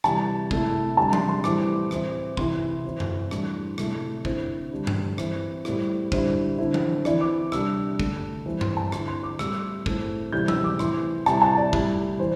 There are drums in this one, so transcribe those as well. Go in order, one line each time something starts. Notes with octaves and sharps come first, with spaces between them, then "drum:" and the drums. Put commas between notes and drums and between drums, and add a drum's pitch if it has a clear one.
C3 E3 G3 A5, drum: rim click
C3 A3 E4, drum: kick
C3 G3 D4 A5
C6, drum: tom E3
C6
A2 E3 G3 C4 D6, drum: rim click
E3 C4 E4, drum: rim click
C3 E3 C4 E4 C6, drum: kick
E3 C4 E4
drum: tom F#2
A2 E3 G3 D4, drum: rim click
C3 A3 E4, drum: rim click
D3 C4 E4 C5, drum: kick
D3 G3 D4
drum: tom G2
E3 C4 E4, drum: rim click
A2 G3 C4 E4, drum: rim click
D3 G3 E4 C5, drum: kick
D3 C4 E4
drum: tom E3
E3 C4 E4 D5, drum: rim click
D6
C3 G3 D4 E6, drum: rim click
D3 A3 D4, drum: kick
E3 G3 C4 E4
C6, drum: tom G2
A5
D3 C4 E4 C6, drum: rim click
C6
D6
A2 G3 C4 E4 E6, drum: rim click
A2 A3 C4 E4, drum: kick
C3 E3 G3 C4 E4 G6
E6, drum: tom E3
D6
A2 E3 C4 C6, drum: rim click
C3 G3 C4 E4 A5, drum: rim click
A5
D5
A2 G3 E4, drum: kick
E3 C5